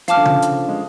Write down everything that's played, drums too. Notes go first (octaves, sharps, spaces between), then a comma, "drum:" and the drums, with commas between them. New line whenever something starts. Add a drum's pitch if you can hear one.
F3 F5 A5 D6 F6, drum: hi-hat
D3
C#3 F3, drum: tom C#3
drum: hi-hat
G#3